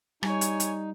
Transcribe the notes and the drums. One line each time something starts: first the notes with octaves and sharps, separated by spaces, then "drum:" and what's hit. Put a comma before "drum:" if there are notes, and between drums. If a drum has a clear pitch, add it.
G3 D#4 C#5 G#5, drum: rim click
drum: hi-hat
drum: hi-hat